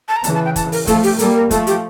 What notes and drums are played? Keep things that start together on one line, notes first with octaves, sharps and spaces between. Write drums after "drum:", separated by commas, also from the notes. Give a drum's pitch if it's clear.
A5
A#5
C#3 E3 A5, drum: hi-hat
A5
G5
A5, drum: kick, hi-hat
A#4, drum: open hi-hat
F3 A3 A4, drum: kick, hi-hat
G4, drum: open hi-hat
G3 A#3 A4, drum: hi-hat
A#4
F3 A3 A4, drum: kick, hi-hat
G4, drum: hi-hat